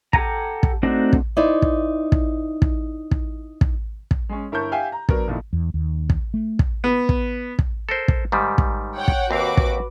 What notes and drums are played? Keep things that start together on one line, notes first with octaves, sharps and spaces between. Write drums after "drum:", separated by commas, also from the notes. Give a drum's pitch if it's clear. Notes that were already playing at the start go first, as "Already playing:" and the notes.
G4 A4 F#5 G#5 A#5, drum: kick
drum: kick
A3 C4 D4 D#4 F#4
drum: kick
D#4 E4 C5 D5
drum: kick
drum: kick
drum: kick
drum: kick
drum: kick
drum: kick
G#3 C#4
G1 E4 A#4 A5 C#6 G6
G4 E5 F5 G5 G#5
A#5
F#3 B3 D4 A#4 C#5, drum: kick
F2 A#2 D#3 E4
E2
D#2
drum: kick
A3
drum: kick
B3
drum: kick
drum: kick
A4 A#4 C5
drum: kick
G#2 D#3 G3
drum: kick
C#5 F#5 G5
drum: kick
D#2 C4 F#4 B4 F5 D6
drum: kick